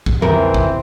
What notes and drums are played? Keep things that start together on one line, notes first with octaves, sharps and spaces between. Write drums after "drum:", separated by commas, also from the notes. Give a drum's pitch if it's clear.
drum: kick
B1 F2 D#3 E3 C4 A#4, drum: tom D3
drum: kick